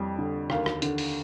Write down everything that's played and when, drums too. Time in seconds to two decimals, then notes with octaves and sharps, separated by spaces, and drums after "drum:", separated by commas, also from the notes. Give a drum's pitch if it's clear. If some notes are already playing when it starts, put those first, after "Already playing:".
Already playing: F2 G3
0.18 D3
0.50 D#2 F5, drum: rim click
0.66 drum: rim click
0.82 D3, drum: hi-hat
0.98 drum: open hi-hat